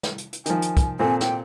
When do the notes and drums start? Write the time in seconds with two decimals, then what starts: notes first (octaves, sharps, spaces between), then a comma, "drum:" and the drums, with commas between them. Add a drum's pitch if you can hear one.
0.03 drum: snare
0.18 drum: hi-hat
0.33 drum: hi-hat
0.46 D#3 F3 G#5, drum: hi-hat
0.62 drum: hi-hat
0.77 drum: kick, hi-hat
0.99 A#2 C4 A4 G#5
1.21 G5, drum: snare